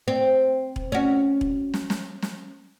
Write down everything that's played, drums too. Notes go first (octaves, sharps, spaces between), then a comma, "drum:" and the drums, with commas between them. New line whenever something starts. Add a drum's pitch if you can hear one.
C4
drum: kick E1
C#4 F#4
drum: kick E1
drum: snare
drum: snare
drum: snare